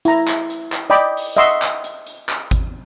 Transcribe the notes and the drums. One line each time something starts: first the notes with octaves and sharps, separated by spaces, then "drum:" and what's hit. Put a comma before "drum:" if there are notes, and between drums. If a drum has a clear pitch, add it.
E4 A#5, drum: hi-hat
drum: clap
drum: hi-hat
drum: clap
D5 D#5 G5 B5 D6
drum: open hi-hat
D#5 E5 F#5 C6 C#6 E6, drum: hi-hat
drum: clap
drum: hi-hat
drum: hi-hat
drum: clap
drum: kick G#1, hi-hat